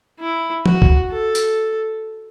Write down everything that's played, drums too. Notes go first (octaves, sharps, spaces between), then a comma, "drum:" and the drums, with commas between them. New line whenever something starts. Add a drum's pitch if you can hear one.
E4
F#4, drum: tom
drum: kick
A4
drum: tambourine